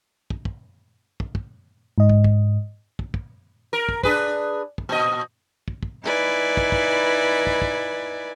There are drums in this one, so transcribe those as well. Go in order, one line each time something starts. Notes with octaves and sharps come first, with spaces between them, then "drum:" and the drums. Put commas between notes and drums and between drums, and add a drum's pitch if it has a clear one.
drum: kick
drum: kick
drum: kick
drum: kick
G#2 D#5
drum: kick
drum: kick
drum: kick
drum: kick
A#4
drum: kick
D4 G#4 B4, drum: kick
drum: kick
A#2 D#5
drum: kick
drum: kick
D#4 E4 B4 D5 G#5
drum: kick
drum: kick
drum: kick
drum: kick